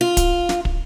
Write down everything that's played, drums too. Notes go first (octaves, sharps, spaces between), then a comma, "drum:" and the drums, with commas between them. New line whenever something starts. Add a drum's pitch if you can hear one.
F4
drum: kick, hi-hat
drum: snare
drum: kick